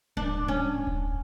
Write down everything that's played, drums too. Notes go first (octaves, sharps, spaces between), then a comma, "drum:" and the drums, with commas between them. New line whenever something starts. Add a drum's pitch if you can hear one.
D4, drum: kick D1
C#4
drum: kick D1